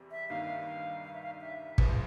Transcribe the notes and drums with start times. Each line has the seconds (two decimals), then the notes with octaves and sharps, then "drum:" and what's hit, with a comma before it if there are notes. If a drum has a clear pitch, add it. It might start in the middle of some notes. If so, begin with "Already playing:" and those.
Already playing: E2 C3 G3 C4
0.11 E5
0.30 G2 D#3 G3 A#3 D#4 F5
1.04 F5
1.14 E5
1.22 F5
1.41 E5
1.78 C#2 C#3 F3 B4, drum: kick
1.87 C5